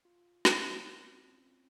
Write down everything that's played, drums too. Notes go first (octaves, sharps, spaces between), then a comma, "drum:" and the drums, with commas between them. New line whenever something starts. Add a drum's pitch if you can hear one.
F4
C#4, drum: snare
C4